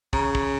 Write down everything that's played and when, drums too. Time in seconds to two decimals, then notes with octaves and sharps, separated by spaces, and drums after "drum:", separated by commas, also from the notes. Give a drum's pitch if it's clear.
0.13 C#3 A#5, drum: kick
0.35 drum: kick